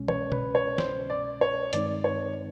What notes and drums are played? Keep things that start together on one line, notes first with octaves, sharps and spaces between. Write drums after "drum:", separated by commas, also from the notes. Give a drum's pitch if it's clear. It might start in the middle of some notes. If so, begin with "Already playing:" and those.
Already playing: C2 B2 G#3 C#4
C#5, drum: tom
B4, drum: tom
C#5
C5, drum: snare
D5
C#5
G2 D#3 G#3 C4 D#4 D5, drum: hi-hat
C#5